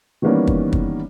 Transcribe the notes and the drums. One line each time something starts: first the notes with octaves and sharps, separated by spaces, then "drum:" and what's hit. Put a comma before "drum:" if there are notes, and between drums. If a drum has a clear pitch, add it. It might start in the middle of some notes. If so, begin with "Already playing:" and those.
D#3 E3 G3 A#3 B3 C#4
drum: kick
drum: kick